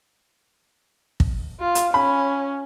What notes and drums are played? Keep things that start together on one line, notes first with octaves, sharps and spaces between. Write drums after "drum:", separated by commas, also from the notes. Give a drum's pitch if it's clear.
drum: kick
F4
drum: hi-hat
C#4 B5